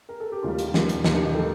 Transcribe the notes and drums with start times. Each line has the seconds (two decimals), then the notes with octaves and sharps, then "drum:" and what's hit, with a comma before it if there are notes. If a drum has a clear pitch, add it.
0.09 A#4
0.20 A4
0.32 G4
0.43 D#2 D#3 G3 F4
0.59 drum: hi-hat
0.74 D#2 D#3 G3, drum: snare
0.89 drum: hi-hat
1.04 D#2 D#3 G3 D#4, drum: snare
1.14 D4
1.25 D#4
1.35 D#3 G3 A4